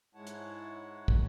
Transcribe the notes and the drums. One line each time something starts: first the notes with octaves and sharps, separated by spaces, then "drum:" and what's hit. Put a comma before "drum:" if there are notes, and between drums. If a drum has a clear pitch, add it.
G#2 G#3 E4 C#5 F#5 A5
drum: hi-hat
drum: kick